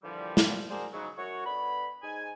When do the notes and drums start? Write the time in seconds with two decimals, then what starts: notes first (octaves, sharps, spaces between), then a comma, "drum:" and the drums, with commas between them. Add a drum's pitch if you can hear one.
0.03 A#2 D3 E3 F3 G3
0.37 drum: snare
0.70 D4 F#4 G#4 A#4 C5 D5
0.93 G#2 C#3 F#3
1.17 F#2 F#4 C#5
1.46 D3 B3 B4 B5
2.03 G#2 G#5